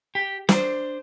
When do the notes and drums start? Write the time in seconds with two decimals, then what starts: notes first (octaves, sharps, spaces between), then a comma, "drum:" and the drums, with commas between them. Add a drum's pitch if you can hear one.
0.15 G4
0.49 D4 C5, drum: snare